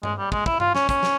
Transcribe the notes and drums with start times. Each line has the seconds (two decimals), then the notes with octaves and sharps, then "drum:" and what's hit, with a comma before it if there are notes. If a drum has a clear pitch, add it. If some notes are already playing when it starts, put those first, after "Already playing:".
0.03 G#3, drum: tom G2
0.18 G3
0.32 G#3, drum: kick
0.46 E4, drum: kick
0.60 F4, drum: tom G2
0.75 C#4, drum: snare
0.89 C#4, drum: kick, hi-hat
1.03 drum: snare